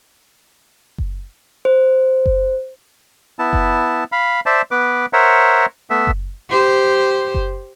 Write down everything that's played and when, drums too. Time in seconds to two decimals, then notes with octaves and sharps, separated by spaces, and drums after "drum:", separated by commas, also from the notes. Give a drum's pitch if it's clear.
0.98 drum: kick F#1
1.65 C5
2.26 drum: kick F#1
3.39 B3 E4 A5
3.53 drum: kick F#1
4.12 F5 B5
4.46 C5 D5 E5 A5
4.71 B3 B4 D6
5.13 A#4 C5 C#5 E5 F#5 A#5
5.90 A3 B3 E5
6.07 drum: kick F#1
6.50 G4 C5
7.34 drum: kick F#1